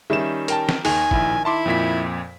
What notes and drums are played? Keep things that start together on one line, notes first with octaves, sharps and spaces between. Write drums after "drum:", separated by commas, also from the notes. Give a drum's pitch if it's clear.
D#3 G3 C#4 E5 E7
A#4 G5 A5, drum: hi-hat
drum: snare
D#2 D#3 G#5, drum: open hi-hat
A#1 E4, drum: kick
E4 A5 C6 D6
F2 A#2 B6